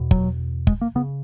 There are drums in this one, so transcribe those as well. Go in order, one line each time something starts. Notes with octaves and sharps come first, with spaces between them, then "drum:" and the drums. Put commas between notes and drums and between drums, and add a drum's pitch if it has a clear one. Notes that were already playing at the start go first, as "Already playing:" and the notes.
Already playing: E2 B2
F#3, drum: kick
G#3, drum: kick
A#3
C#3 B3